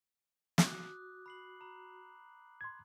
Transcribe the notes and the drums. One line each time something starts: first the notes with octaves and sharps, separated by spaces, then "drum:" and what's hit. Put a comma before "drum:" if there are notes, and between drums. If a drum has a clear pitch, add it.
F#4 D6 D#6 F#6, drum: snare
B5 C7 F#7
A#5 B5
C6 G#6